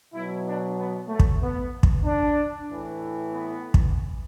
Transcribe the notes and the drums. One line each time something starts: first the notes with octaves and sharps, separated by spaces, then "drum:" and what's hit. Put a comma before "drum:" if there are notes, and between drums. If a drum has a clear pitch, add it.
B2 F#3 E4
D4
B3
A3
drum: kick
B3
drum: kick
D4
A2 E3
B3
drum: kick